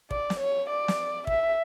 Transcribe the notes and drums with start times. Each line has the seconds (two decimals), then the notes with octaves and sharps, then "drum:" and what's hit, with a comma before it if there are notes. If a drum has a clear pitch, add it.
0.11 D5, drum: kick
0.30 drum: snare
0.39 C#5
0.69 D5
0.88 drum: snare
1.27 E5, drum: kick